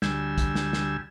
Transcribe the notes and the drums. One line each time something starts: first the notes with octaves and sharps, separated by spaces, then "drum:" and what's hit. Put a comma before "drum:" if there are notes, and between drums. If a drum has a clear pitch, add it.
D2 G3 G#5 E6, drum: snare
drum: kick, hi-hat
drum: snare
drum: snare